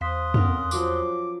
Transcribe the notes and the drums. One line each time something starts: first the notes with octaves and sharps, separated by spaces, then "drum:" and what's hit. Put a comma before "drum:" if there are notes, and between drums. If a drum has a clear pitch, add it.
E2 C5 F5 C6 D#6 F#6 B6
B3 C#4 A#4, drum: tom
F3 F#3 B5 D6, drum: tambourine